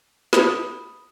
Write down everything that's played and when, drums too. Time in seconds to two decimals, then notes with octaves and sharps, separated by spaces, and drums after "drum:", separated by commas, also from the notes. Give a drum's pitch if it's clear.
0.33 B5 D#6, drum: snare